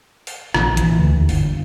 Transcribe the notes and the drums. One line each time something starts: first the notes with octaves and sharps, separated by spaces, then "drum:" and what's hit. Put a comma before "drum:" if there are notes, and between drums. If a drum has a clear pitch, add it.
drum: open hi-hat
A#1, drum: rim click
E3, drum: hi-hat
D2
D#2
G1, drum: open hi-hat